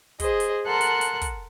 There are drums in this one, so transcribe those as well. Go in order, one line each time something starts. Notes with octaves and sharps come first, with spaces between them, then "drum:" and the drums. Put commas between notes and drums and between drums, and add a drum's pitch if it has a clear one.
G#4 C5 D#5, drum: kick, hi-hat
drum: hi-hat
A4 A#4 F#5 A5 C6 F#6
drum: hi-hat
drum: hi-hat
drum: kick, hi-hat